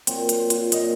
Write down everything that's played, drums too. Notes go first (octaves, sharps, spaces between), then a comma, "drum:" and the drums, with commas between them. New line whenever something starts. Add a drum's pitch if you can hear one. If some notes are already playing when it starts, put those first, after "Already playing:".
A#2 F#3 C4, drum: hi-hat
drum: hi-hat
F4, drum: hi-hat
A#2 F#3 D#5, drum: hi-hat